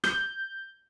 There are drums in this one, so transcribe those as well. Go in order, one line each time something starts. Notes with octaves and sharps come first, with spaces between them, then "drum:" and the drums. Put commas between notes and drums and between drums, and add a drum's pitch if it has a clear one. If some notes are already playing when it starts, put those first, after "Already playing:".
G6, drum: rim click